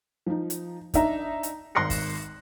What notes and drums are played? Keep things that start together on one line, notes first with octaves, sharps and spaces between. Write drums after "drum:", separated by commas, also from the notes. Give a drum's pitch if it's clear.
F3 D#4
drum: hi-hat
D4 D#4 E5 A#5, drum: kick, hi-hat
drum: hi-hat
G#1 C6 F#6 A#6 C#7
drum: kick, open hi-hat